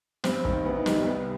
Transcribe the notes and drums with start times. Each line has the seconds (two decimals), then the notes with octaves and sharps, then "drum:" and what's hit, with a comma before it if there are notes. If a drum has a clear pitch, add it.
0.24 G2 C4, drum: snare
0.45 D#3, drum: kick
0.65 D2 B3
0.75 D#4
0.86 C3 D#3, drum: snare
0.96 G3
1.06 C2 B3